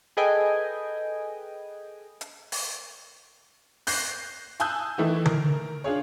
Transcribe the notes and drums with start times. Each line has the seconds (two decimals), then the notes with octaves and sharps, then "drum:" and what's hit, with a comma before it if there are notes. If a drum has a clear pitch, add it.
0.17 G#4 A4 B4 D#5 G5 G#5
2.21 drum: hi-hat
2.52 drum: open hi-hat
3.87 F#6 G6 A#6 C7, drum: open hi-hat
4.60 G#5 A5 D#6 E6 F#6 G6, drum: hi-hat
4.98 D#3 E3 A3 E4
5.26 A#4, drum: tom D3
5.84 D4 F4 G#4 C#5